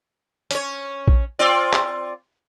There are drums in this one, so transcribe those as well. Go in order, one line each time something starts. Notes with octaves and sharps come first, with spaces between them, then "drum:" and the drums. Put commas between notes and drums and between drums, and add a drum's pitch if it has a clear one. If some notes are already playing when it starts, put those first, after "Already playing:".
C#4 C#5, drum: hi-hat
drum: kick A#1
C4 F4 D5
drum: clap